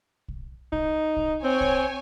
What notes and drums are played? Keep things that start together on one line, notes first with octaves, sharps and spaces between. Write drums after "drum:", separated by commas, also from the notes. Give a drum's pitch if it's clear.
drum: kick
D#4, drum: kick
drum: kick
C4 C#5 G#5
drum: kick